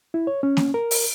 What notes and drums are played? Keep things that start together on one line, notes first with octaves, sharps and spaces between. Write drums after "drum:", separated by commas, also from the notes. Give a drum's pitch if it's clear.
E4
C#5
C#4
drum: snare A#3
A#4
drum: open hi-hat